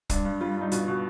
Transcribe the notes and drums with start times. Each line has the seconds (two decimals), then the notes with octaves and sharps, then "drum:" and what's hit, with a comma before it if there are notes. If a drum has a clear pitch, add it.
0.10 G2 D4, drum: kick, hi-hat
0.25 G2
0.41 G3 F4
0.57 G2 D#4
0.72 B2 F4, drum: hi-hat
0.88 B2